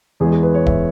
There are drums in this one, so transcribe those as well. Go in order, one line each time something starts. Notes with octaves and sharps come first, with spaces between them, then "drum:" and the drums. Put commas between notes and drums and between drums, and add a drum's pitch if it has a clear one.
E2 E3 G#3 G#4
G#4
B4
C#5
E5, drum: kick